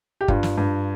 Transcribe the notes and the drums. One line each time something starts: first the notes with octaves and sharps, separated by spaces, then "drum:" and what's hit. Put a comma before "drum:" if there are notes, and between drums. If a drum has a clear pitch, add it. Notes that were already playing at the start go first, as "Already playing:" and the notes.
G4
G2 F4, drum: kick
drum: snare
G2